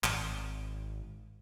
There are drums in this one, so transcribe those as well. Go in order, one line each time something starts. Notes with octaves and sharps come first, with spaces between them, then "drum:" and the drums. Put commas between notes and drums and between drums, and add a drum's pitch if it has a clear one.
G#1, drum: clap